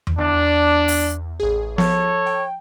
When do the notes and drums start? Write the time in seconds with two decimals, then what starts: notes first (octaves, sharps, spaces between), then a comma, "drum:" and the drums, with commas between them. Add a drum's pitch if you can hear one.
0.07 drum: tom E2
0.18 E2 D4
0.88 drum: open hi-hat
1.40 A1 G#4
1.78 F3 A4 C#5, drum: snare B3
2.26 G5